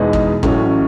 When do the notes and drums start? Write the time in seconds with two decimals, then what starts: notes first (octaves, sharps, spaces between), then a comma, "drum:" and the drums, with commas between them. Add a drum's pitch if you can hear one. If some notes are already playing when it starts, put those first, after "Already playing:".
Already playing: E2 B2 G#3 B3 D#4
0.13 drum: kick
0.43 A1 A2 F#3 A3 C#4, drum: kick